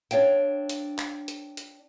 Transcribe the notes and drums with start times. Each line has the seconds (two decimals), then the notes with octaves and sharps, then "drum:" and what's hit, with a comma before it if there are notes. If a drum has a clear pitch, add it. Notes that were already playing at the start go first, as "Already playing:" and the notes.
0.11 C4 D4 E4 C#5 F5 G5, drum: hi-hat
0.69 drum: hi-hat
0.99 drum: clap
1.28 drum: hi-hat
1.57 drum: hi-hat